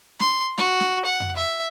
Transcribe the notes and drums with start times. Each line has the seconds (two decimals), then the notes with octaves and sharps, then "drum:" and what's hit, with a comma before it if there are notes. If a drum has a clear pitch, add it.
0.20 C6, drum: snare
0.58 F#4, drum: snare
0.80 drum: snare
1.05 F#5
1.20 drum: tom F2
1.36 E5